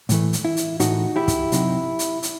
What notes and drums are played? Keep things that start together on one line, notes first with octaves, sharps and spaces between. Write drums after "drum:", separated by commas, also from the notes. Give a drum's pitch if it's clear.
A2 E3 A3, drum: hi-hat
drum: hi-hat
E4
drum: hi-hat
A2 E3 A3 D#4 F#4, drum: hi-hat
E4 G4
drum: kick, hi-hat
C3 F#3 C4 D#4, drum: hi-hat
drum: hi-hat
drum: hi-hat